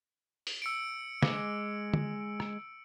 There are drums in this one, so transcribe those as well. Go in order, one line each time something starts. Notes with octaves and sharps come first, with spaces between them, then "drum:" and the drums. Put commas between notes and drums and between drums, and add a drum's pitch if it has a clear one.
drum: open hi-hat
E6 C#7 D7
G#3 D6, drum: snare
drum: tom
drum: rim click